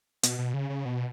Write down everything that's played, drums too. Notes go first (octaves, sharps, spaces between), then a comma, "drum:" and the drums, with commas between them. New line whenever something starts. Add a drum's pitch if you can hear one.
B2, drum: hi-hat
B2
C#3
C#3
B2